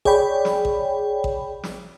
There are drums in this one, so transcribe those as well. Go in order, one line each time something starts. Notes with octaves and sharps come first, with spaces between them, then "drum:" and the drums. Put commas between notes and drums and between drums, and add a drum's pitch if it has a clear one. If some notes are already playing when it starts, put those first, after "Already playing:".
G#4 C#5 D5 G5 B5, drum: kick A1
drum: snare
drum: kick A1
drum: kick A1
drum: snare